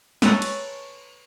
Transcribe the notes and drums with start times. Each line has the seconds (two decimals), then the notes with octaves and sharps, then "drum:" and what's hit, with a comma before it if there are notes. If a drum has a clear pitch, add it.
0.22 A4 B4 C#5 G#5 A#5, drum: snare
0.42 drum: cymbal